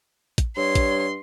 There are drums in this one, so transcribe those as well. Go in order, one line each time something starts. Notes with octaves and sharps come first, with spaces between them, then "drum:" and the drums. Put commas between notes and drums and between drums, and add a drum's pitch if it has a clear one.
drum: kick, hi-hat
G2 C#5 C6
drum: kick, hi-hat